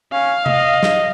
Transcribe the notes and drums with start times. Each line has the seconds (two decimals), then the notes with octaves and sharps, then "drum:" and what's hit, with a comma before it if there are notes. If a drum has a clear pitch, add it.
0.13 C#4 F5
0.46 D#5, drum: tom C3
0.83 drum: snare